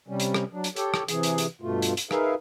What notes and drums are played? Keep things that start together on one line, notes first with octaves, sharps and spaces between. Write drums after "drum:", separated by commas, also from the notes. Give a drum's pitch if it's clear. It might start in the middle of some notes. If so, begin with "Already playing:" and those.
C3 G3 C#4
drum: hi-hat
drum: rim click
F#3 D4
drum: hi-hat
G4 A4 C#5 G5, drum: hi-hat
drum: rim click
C3 E3 G#4, drum: hi-hat
drum: hi-hat
drum: hi-hat
G2 B2 A3 F4
drum: hi-hat
drum: hi-hat
D#4 G#4 A#4 B4 E5 F5, drum: rim click